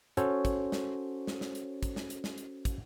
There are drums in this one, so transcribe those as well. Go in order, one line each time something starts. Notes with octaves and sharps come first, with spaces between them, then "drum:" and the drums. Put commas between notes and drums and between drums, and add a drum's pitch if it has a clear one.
C#4 F#4 A4 C5 C#5, drum: hi-hat
drum: kick, hi-hat
drum: snare
drum: snare
drum: snare
drum: hi-hat
drum: kick, hi-hat
drum: snare
drum: hi-hat
drum: snare
drum: hi-hat
drum: kick, hi-hat